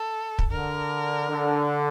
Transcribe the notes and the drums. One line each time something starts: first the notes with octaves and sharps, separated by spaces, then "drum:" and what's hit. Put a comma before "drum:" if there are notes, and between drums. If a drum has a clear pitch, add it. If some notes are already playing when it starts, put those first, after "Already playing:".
Already playing: A4
drum: kick
D3 A#4
D3